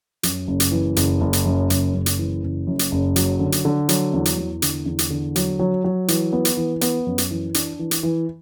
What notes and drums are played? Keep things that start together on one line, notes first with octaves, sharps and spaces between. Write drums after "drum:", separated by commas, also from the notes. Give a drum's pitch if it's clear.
F#2, drum: hi-hat
F#1
drum: hi-hat
E3
F#1, drum: hi-hat
F#1
drum: hi-hat
F#2
F#1, drum: hi-hat
F#1
drum: hi-hat
E3
F#1
F#2
drum: hi-hat
F#1
F#3, drum: hi-hat
D3
drum: hi-hat
D3
F#3, drum: hi-hat
E2
drum: hi-hat
E2
D3, drum: hi-hat
E2
drum: hi-hat
D3
F#3, drum: hi-hat
F#3
F#3
E3, drum: hi-hat
B3
drum: hi-hat
E3
B3, drum: hi-hat
F#2
drum: hi-hat
E3
D4, drum: hi-hat
E3
drum: hi-hat
E3